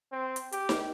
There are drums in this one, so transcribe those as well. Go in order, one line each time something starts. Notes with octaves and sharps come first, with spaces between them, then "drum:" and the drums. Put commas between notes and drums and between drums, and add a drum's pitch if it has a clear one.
C4
drum: hi-hat
G4, drum: hi-hat
drum: snare D#4